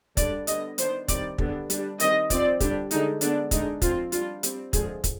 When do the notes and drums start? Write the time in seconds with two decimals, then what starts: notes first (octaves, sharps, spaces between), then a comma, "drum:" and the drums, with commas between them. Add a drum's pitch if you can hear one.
0.17 D3 G3 D4 D5, drum: kick, hi-hat
0.47 D3 G3 B3 D#5, drum: hi-hat
0.78 D#3 B3 D4 C5, drum: hi-hat
1.08 D#3 G3 C4 D5, drum: kick, hi-hat
1.38 D3 G3 B3 D4, drum: kick
1.70 G3 D4, drum: hi-hat
2.00 D#3 G3 C4 D#5, drum: hi-hat
2.30 F3 C4 D5, drum: kick, hi-hat
2.60 D3 G3 D4 G4, drum: kick, hi-hat
2.91 D3 G#3 D4 D#4, drum: hi-hat
3.21 D3 G#3 B3 D4, drum: hi-hat
3.51 D3 G#3 D4 D#4, drum: kick, hi-hat
3.82 F3 C4 F4, drum: kick, hi-hat
4.12 G3 D4 F4, drum: hi-hat
4.43 G3 C4, drum: hi-hat
4.73 D3 F3 G#3 G#4, drum: kick, hi-hat
5.04 drum: kick, hi-hat